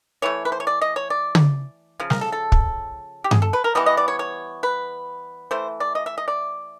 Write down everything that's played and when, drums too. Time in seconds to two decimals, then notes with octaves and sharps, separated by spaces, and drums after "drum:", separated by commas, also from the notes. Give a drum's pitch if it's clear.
0.22 E3 A3 C#5
0.45 B4
0.52 C5
0.60 C#5
0.67 D5
0.81 D#5
0.96 C#5
1.10 D5
1.35 drum: tom
2.00 C#3 F3
2.10 A#4, drum: snare
2.21 A4
2.32 A4
2.52 drum: kick
3.24 G4
3.31 G#4, drum: tom G2
3.42 A4
3.53 B4
3.64 A#4
3.75 E3 G3 B3 D#5
3.86 D#5
3.97 D5
4.08 C#5
4.19 C#5
4.63 B4
5.51 E3 A3 C5
5.80 D5
5.95 D#5
6.06 E5
6.18 D#5
6.28 D5